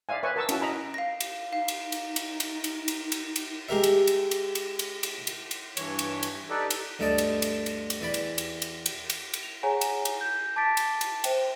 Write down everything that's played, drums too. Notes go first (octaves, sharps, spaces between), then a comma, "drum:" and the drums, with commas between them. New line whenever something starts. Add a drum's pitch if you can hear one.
D5 E5 F5 G#5
B4 C#5 E5 G#5 C#6
A#4 A5 C#6 E6
C#4 E4 F#4 A5, drum: cymbal
D#5 A#5 B5
F5 A#6
drum: cymbal
D#4 F5
drum: cymbal
drum: cymbal
drum: cymbal
drum: cymbal
drum: cymbal
drum: cymbal
drum: cymbal
drum: cymbal
G#3 G4 A#4 E5
drum: cymbal
drum: cymbal
drum: cymbal
drum: cymbal
drum: cymbal
drum: cymbal
drum: cymbal
drum: cymbal
G2 E3 C#5, drum: cymbal
drum: cymbal
drum: cymbal
D#4 G4 A4 B4 D5
drum: cymbal
D2 G2 A3 D5 D#5 A5
drum: cymbal
drum: cymbal
drum: cymbal
drum: cymbal
E2 E3 D5 B5
drum: cymbal
drum: cymbal
drum: cymbal
drum: cymbal
drum: cymbal
drum: cymbal
F7
G#4 C#5 F#5 G#5 A#5
drum: cymbal
drum: cymbal
G6
A5 D6 G#6 A6 B6 D7
drum: cymbal
drum: cymbal
C5 E5 G5, drum: cymbal